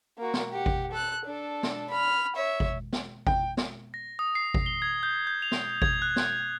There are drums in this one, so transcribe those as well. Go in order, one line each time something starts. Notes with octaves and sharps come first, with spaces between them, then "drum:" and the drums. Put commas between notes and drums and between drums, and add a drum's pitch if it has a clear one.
A#3 F#4
drum: snare
G4 F#5
drum: kick G#1
A4 F#6
D4 A4
drum: snare
B5 F6
C#5 E5
drum: kick G#1
drum: snare
G5, drum: kick G#1
drum: snare
A#6
D#6
C7
drum: kick G#1
G7
G#6
G6
G6
F7
drum: snare
G#6, drum: kick G#1
F#6
drum: snare